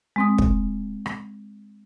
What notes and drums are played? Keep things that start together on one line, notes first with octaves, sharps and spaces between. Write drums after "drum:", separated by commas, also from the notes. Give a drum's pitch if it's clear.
G#3 C4 D#6
drum: kick
drum: rim click